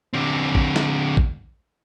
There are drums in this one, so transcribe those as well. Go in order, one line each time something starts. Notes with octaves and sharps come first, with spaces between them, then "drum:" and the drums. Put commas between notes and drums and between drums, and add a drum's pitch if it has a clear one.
D3 C4
drum: kick A1
drum: snare
drum: kick A1